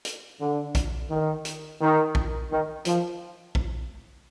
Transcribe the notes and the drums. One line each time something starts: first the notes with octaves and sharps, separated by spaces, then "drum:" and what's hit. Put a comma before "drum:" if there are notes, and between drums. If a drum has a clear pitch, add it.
drum: hi-hat
D3
drum: kick, hi-hat
D#3
drum: hi-hat
D#3
drum: kick
D#3
F3, drum: hi-hat
drum: kick